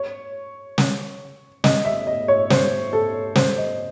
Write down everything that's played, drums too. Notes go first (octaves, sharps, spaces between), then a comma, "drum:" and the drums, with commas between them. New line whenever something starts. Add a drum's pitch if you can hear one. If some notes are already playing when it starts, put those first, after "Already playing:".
Already playing: C#5
drum: snare
D#5, drum: snare
E5
D#5
C#5
C5, drum: snare
A4
C5, drum: snare
D#5